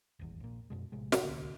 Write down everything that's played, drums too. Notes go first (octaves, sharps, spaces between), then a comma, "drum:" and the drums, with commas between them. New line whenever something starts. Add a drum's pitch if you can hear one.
D#1 G#1 E2
A#1 A#2
F#2 B2 G#3
A#1 A2 C3 G#3
drum: snare
D1 C2 D3 A#3